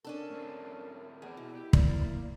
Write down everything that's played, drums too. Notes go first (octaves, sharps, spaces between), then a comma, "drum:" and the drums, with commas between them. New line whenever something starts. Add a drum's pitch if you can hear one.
C#4 D4 A4 A#4
A2 C4
E2 G#4 D5
B2 E4
G4
A#3 D5, drum: kick